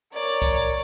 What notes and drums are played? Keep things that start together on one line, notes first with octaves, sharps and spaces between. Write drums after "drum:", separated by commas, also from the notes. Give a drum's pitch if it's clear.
A#4 C#5 D5
drum: kick C2, hi-hat